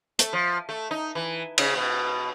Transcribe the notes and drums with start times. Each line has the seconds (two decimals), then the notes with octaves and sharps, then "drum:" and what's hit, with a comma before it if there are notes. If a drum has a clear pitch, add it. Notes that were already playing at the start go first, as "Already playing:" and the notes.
0.19 A3, drum: hi-hat
0.33 F3
0.69 A3
0.91 D#4
1.15 E3
1.58 C#3, drum: cymbal
1.76 B2